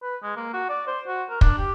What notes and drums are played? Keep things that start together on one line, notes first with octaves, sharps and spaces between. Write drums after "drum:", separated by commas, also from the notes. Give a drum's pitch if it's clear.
B4
G#3
A#3
F#4
D5
C5
F#4
A#4
D4, drum: kick
G4